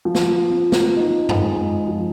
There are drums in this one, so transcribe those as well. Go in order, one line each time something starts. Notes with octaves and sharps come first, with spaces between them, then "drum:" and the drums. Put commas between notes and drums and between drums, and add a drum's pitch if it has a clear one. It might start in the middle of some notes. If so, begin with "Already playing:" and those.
F3
drum: snare
C4
drum: snare
D#4
drum: tom F#2
G#3
F3